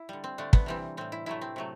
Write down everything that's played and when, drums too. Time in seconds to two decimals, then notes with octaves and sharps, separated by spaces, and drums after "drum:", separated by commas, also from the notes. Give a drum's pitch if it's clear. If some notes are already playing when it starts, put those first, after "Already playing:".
Already playing: E4
0.09 D3 G3
0.24 C4
0.38 D3 A3 D4
0.53 B3, drum: kick
0.66 C3 E3 G3 C4
0.97 A2 G3 C4
1.12 E4
1.26 C3 F#3 A3 E4
1.41 C4
1.56 C3 F#3 A3